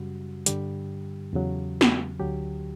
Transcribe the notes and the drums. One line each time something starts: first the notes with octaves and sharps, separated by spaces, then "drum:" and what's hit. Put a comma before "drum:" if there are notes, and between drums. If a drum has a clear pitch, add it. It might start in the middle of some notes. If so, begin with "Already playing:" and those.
Already playing: F#2 C#3 G3 F#4
G2 D3 G3 G4, drum: hi-hat
E2 C#3 F#3
drum: snare
D2 D3 F#3 G4